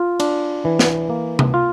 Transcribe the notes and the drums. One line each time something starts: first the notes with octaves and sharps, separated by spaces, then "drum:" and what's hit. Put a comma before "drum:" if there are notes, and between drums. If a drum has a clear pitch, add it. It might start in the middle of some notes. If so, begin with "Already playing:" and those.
Already playing: F4
D4, drum: cymbal
E3
drum: snare
A#3
drum: tom C3
F4